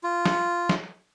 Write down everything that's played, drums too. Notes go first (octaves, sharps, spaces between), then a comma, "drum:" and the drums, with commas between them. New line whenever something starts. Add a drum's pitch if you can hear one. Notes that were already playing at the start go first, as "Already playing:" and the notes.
F4
drum: snare
drum: snare